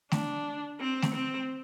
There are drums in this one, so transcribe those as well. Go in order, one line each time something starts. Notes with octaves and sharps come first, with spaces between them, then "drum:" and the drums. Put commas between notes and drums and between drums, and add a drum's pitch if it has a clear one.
D4, drum: snare
C4
drum: snare
C4